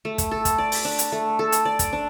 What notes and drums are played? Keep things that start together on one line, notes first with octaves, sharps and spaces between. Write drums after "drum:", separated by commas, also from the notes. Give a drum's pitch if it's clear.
A3
drum: kick, hi-hat
A4
drum: kick, hi-hat
D5
drum: open hi-hat
D4
drum: hi-hat
A3
A4
drum: hi-hat
D5
drum: kick, hi-hat
D4